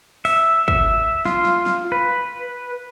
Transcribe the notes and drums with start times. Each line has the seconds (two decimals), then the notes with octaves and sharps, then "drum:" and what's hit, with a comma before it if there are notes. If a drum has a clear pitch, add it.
0.25 E5, drum: open hi-hat
0.68 E5, drum: kick
1.25 F4, drum: snare
1.45 drum: snare
1.66 drum: snare
1.92 B4